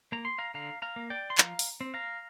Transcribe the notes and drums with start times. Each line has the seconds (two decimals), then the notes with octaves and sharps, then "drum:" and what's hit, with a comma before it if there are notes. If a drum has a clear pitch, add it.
0.12 A#3 A#5
0.25 C6
0.38 F5 A#5
0.54 D3 F5 A#5
0.82 F5 A#5
0.96 A#3
1.10 D5 G5
1.30 C6
1.38 F3 F5 A#5, drum: clap
1.59 drum: open hi-hat
1.81 C4
1.94 F5 A#5